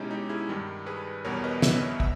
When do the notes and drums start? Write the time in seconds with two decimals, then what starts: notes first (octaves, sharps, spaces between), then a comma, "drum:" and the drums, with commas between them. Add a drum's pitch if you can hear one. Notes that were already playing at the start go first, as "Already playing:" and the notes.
Already playing: B2 G#3 C#4 D#4 E4 G4
0.11 D#4 G4
0.29 E4 G#4
0.49 G2 D#3 G3
0.86 G#4 B4
1.25 E2 B2 G3 B3 A#4 C#5
1.44 B4 D#5
1.62 C#5 E5, drum: snare
2.00 E5, drum: kick